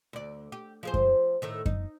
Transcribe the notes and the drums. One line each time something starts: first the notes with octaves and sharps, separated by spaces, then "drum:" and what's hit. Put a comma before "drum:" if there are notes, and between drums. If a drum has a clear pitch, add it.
D2 D5
G4
F3 G#4 C5
drum: kick F#2
A2 D#3 A3
D#4, drum: kick F#2